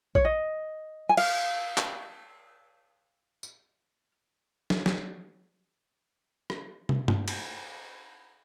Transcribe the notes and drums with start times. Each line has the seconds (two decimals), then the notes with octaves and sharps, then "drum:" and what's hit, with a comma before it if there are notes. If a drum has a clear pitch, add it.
0.15 C#5, drum: kick A#1
0.25 D#5
1.09 G#5
1.17 F5, drum: cymbal
1.77 drum: clap
3.43 drum: tambourine
4.70 drum: snare
4.86 drum: snare
6.50 drum: rim click
6.89 drum: tom
7.08 drum: tom G2
7.28 drum: cymbal